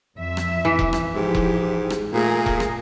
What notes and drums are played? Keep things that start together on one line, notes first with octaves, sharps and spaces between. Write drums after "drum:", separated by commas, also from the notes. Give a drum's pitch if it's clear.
F2 E5
drum: rim click
E3
drum: kick E1
drum: rim click
G#2 F3 E4 G4
drum: kick E1
drum: rim click
A#2 A3 G#4 A#4
drum: kick E1
drum: rim click